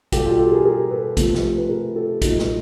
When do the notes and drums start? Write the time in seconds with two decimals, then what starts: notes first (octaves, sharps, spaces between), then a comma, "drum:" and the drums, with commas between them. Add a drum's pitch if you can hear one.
0.12 B2 G3 G4 A4, drum: kick, hi-hat
0.26 F4 G4
0.39 G4 A4
0.52 G#4 A#4
0.65 G#4 A#4
0.91 A4 B4
1.17 C3 F3 A3, drum: kick, hi-hat
1.34 drum: snare
1.58 B4
1.69 G#4 A#4
1.95 G4 A4
2.22 A#2 F#3 A3 D#4, drum: kick, hi-hat
2.39 drum: snare